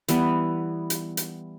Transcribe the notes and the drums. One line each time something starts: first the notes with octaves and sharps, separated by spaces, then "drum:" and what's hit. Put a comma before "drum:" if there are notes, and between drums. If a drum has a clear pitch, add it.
E3 G3 B3, drum: hi-hat
drum: hi-hat
drum: hi-hat